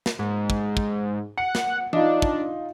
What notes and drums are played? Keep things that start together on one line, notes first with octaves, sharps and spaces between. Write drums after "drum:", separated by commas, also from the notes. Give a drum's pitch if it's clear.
drum: snare
G#2
drum: kick
drum: kick
F#5 C#7
drum: snare
D4 D#4 F4 D#5, drum: tom E3
drum: kick